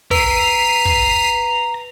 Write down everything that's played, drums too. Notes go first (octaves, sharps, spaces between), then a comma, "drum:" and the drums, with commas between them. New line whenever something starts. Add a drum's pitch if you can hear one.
B4 A#5 B6 C7 D#7, drum: kick
drum: kick